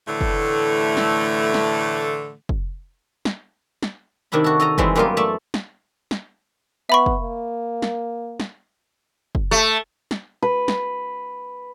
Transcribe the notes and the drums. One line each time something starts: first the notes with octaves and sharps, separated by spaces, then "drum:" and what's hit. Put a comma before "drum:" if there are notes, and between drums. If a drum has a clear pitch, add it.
A2 D3 E3 A3
drum: kick
drum: snare
drum: snare
drum: kick
drum: snare
drum: snare
C3 D#3 D4 E4 B5
F#4 A4
A4 D#5 A#5
E3 G3 G#3 C4 E4, drum: kick
F#2 G3 A#3 B3 F4 D#5
A3 D5 E5 A5
drum: snare
drum: snare
B3 E5 B5 C#6
drum: kick
A#3
drum: snare
drum: snare
drum: kick
A3
drum: snare
B4
drum: snare